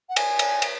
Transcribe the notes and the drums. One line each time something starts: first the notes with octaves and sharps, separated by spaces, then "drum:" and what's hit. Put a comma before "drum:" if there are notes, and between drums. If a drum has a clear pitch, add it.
F#5
G#5, drum: cymbal
drum: cymbal
drum: cymbal